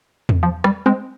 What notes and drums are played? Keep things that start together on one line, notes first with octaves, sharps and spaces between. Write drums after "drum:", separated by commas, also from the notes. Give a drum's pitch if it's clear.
drum: tom E2
F3
G3, drum: rim click
G#3 C4